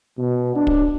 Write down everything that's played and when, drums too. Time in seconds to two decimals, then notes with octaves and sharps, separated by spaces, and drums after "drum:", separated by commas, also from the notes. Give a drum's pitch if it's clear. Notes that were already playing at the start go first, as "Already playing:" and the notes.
0.18 B2
0.55 D4
0.67 drum: kick